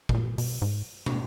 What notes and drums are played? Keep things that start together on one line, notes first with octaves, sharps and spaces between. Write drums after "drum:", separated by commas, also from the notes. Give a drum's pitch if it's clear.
B2, drum: kick
A#2
B2, drum: open hi-hat
G#2
drum: tom